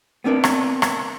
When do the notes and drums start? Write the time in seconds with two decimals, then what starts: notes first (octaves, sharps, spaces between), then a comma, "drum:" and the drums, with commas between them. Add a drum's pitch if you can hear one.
0.24 B3 C4 D4 A#4 B4
0.44 drum: rim click
0.82 drum: rim click